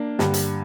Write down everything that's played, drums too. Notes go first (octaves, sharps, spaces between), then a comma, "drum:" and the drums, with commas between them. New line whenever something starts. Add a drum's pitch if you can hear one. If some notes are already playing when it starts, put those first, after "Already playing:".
Already playing: A#3 D4
G2 D3, drum: snare
drum: hi-hat